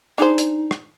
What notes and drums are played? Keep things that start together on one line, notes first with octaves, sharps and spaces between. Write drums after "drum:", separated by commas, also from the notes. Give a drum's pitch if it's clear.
D4 D#4 G#4 C5
drum: hi-hat
drum: rim click